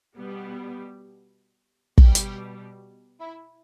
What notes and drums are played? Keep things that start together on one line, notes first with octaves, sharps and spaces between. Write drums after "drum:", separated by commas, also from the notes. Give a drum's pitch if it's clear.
B2 G3 B3
B2 G3 G4, drum: kick
drum: hi-hat
E4